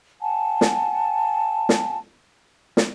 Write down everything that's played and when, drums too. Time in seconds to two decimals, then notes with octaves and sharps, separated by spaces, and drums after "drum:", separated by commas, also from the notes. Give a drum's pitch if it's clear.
0.21 F#5 G#5 A5
0.61 drum: snare
1.69 drum: snare
2.77 drum: snare